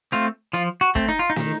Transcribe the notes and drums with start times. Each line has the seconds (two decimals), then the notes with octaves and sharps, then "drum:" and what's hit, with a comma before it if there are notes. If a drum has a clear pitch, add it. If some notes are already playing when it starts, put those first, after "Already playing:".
0.12 A3 C4 F4
0.53 F3 F4, drum: hi-hat
0.81 F#4
0.95 A3 C4, drum: kick, hi-hat
1.09 D#4
1.19 F4
1.30 D#4
1.36 D#3, drum: snare